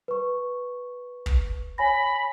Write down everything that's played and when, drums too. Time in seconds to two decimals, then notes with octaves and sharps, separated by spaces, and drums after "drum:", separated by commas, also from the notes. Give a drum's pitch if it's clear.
0.08 B4 C#6
1.26 drum: kick
1.78 C#5 G#5 B5 A#6